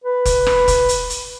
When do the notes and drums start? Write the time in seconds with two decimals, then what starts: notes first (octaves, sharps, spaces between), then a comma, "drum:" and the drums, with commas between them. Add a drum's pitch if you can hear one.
0.04 B4
0.25 drum: kick F1, hi-hat
0.47 drum: rim click
0.68 drum: kick F1, hi-hat
0.89 drum: hi-hat
1.10 drum: hi-hat